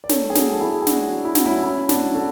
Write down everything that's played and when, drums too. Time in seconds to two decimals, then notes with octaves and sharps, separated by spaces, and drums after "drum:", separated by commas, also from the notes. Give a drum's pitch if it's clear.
0.04 D5
0.09 A4 C#5, drum: snare
0.30 G#4
0.35 F#4 A4, drum: snare
0.53 A4
0.61 E4 G#4
0.82 G#4
0.87 D4 F#4, drum: snare
1.25 E4
1.35 F#4, drum: snare
1.46 C#4 E4
1.64 C#4 E4
1.89 D4 F#4, drum: snare
2.15 F#4 A4